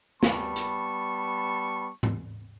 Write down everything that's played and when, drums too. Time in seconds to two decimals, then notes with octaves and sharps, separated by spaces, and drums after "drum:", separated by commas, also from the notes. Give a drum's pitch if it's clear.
0.23 G3 B3 A5 B5 C#6, drum: snare
0.56 drum: hi-hat
2.03 drum: tom G#2